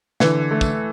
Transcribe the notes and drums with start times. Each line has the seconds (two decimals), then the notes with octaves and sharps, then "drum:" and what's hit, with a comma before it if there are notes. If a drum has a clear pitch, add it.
0.20 D3 E3, drum: snare
0.51 A3
0.61 drum: kick, tambourine